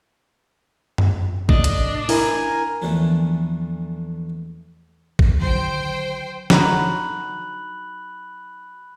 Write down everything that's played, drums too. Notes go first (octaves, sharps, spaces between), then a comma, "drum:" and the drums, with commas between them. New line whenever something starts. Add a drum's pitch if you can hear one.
drum: tom F#2
A2 C3 A3 D4 D#5, drum: kick
drum: hi-hat
E4 A#4 G#5, drum: open hi-hat
A#1 E2 D3 E3 F3 A3
drum: kick
D3 D#3 F#3 C5 G5
D3 F#3 D#4 F#4 B5 F#6 F#7, drum: snare